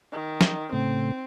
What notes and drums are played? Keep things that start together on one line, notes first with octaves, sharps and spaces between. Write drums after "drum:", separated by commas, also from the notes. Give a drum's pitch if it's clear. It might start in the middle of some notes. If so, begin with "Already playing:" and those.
D#3
drum: snare
A2 C#3 A3 C4